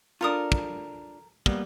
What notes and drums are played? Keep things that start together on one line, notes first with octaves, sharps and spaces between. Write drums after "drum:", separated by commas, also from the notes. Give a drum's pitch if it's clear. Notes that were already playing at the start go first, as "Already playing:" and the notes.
D4 F4 A4 A#4 D#6
drum: kick
G3 A#3 B3, drum: kick